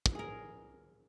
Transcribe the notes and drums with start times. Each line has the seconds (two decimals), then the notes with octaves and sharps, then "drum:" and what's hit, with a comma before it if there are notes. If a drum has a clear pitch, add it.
0.06 drum: kick
0.15 G#4 A#4